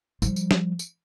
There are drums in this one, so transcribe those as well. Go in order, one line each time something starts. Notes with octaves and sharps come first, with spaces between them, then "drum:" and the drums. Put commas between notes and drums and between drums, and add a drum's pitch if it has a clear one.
F3 G3, drum: tambourine
drum: tambourine
drum: snare
drum: tambourine